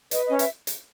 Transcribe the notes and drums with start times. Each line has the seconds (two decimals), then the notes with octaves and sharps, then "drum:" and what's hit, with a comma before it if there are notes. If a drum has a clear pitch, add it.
0.11 B4 D#5, drum: hi-hat
0.25 C#4 D#5
0.39 E5, drum: hi-hat
0.67 drum: hi-hat